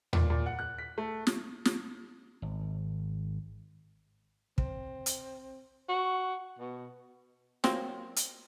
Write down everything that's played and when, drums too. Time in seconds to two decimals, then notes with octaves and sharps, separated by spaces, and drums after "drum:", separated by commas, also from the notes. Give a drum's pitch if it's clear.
0.13 A#2, drum: tom D#2
0.30 A#2
0.46 F#5
0.59 F#6
0.79 B6
0.98 A3
1.27 drum: snare
1.65 drum: snare
2.42 G#1
4.58 C4, drum: kick
5.06 drum: hi-hat
5.89 F#4
6.59 B2
7.64 F#3 A#3 C4, drum: snare
8.16 drum: hi-hat